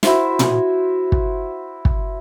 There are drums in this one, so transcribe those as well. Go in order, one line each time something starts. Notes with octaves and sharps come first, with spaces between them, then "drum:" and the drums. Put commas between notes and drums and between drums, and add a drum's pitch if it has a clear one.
E4 F#4 C5 E5, drum: snare
drum: tom
drum: kick
drum: kick